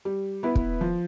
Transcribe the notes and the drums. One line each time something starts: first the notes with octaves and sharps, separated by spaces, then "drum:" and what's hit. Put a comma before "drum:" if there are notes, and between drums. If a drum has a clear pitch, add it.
G3
B3 E4 B4
drum: kick
F3